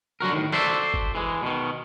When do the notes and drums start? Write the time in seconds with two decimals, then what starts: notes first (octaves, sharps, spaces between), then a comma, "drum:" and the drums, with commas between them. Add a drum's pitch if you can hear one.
0.20 D3 F#3 F#4 A#4
0.33 A2 D#3
0.52 F#4 A4 C5 D5 E5, drum: snare
0.94 drum: kick
1.15 E3 G#3
1.42 B2 D#3